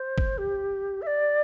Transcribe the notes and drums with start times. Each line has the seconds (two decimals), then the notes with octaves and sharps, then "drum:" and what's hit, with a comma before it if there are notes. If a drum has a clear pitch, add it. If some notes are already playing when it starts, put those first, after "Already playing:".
Already playing: C5
0.18 drum: kick
0.38 G4
1.01 E5
1.06 D5